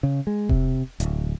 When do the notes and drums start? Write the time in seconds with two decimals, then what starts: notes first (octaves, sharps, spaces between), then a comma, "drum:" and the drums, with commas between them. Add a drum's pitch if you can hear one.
0.03 C#3
0.27 G#3
0.49 C3, drum: kick E1
1.00 D1, drum: hi-hat